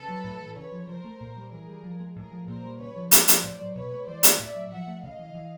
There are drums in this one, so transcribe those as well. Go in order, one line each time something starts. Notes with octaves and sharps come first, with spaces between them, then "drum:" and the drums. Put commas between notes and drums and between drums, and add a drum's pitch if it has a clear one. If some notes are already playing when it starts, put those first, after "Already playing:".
Already playing: C#3 A4 B4
F#3
A2
E3
C#3 B4 C#5
F3
F3 A#4 C5
A3
A#2
G3
E3 G#4 A#4
G3
F3
G#3
A2 G#4 A#4
F3
A#2 A#4 C5
G3
C#3 B4 C#5
F3
C#3 C5 D5, drum: hi-hat
F3, drum: hi-hat
A2 C5 D5
F#3
B2 B4 C#5
G#3
E3 C5 D5
A3, drum: hi-hat
A2 D5 E5
F#3
F3 E5 F#5
A3
C#3 D#5 F5
E3
E3